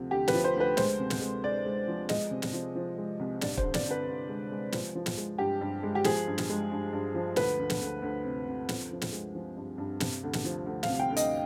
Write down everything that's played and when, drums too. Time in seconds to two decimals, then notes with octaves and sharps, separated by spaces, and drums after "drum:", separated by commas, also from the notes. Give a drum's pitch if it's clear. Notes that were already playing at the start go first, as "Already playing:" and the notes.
Already playing: D2 C3 F3
0.11 D2 G4
0.28 B4, drum: snare
0.34 F3
0.44 C5
0.56 D2 B4
0.77 G#3 C5, drum: snare
1.00 C3
1.10 drum: snare
1.21 G#3
1.43 G#3 D5
1.65 G#3
1.88 F3
2.09 G#3 D#5, drum: snare
2.31 C3
2.42 drum: snare
2.53 F3
2.75 F3
2.98 G#3
3.20 C2
3.41 G2 D5, drum: snare
3.57 C5, drum: kick
3.63 D3
3.74 D5, drum: snare
3.86 D3 B4
4.07 D3
4.29 G#3
4.51 G#3
4.73 F3, drum: snare
4.95 F3
5.06 drum: snare
5.17 G#3
5.38 G2 G4
5.61 G2
5.83 G#3
5.95 G4
6.05 F3 G#4, drum: snare
6.27 G2
6.38 drum: snare
6.49 G#3
6.71 G2
6.93 G2
7.14 F3
7.36 D2 B4, drum: snare
7.59 D2
7.70 drum: snare
7.81 D2
8.02 D2
8.25 C3
8.47 C3
8.69 F3, drum: snare
8.91 F3
9.02 drum: snare
9.12 G#3
9.35 F3
9.57 G2
9.78 G2
10.00 C3, drum: snare
10.23 D2
10.33 drum: snare
10.45 F3
10.66 D2
10.83 F5, drum: snare
10.89 C3
10.99 G5
11.10 D2
11.17 D#5, drum: hi-hat